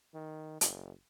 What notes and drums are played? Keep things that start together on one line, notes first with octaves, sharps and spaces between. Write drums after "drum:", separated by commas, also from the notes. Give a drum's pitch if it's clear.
D#3
F#1, drum: hi-hat